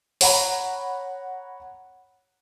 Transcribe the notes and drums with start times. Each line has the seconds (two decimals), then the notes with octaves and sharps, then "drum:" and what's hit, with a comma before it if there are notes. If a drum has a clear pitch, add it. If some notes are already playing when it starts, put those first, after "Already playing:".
0.21 C#5 F#5 A#5 B5, drum: open hi-hat